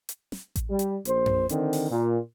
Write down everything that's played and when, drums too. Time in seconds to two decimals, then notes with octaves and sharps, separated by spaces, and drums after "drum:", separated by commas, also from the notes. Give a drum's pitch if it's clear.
0.09 drum: hi-hat
0.32 drum: snare
0.56 drum: kick A1, hi-hat
0.70 G3
0.79 drum: hi-hat
1.05 A#1 A#2 C5, drum: hi-hat
1.26 drum: tom F#2
1.49 D3 D#3 C4, drum: hi-hat
1.73 drum: open hi-hat
1.90 A#2